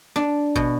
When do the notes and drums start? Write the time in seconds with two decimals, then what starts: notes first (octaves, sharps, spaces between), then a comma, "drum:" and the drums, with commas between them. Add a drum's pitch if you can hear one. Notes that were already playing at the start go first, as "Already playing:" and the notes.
0.16 D4, drum: snare
0.56 B2, drum: kick G#1